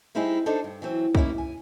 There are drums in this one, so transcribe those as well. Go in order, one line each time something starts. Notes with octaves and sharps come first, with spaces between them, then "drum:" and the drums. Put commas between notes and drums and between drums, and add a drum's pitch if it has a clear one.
G3 C4 D#4 E4 G4 G#4
D4 D#4 A4 C5
G2
E3 F#3 C4
A#3 C#4 D#4 E4, drum: kick
G#5